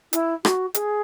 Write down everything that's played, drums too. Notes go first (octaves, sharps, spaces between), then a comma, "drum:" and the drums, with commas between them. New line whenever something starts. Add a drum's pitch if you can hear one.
E4, drum: hi-hat
F#4, drum: rim click
G#4, drum: hi-hat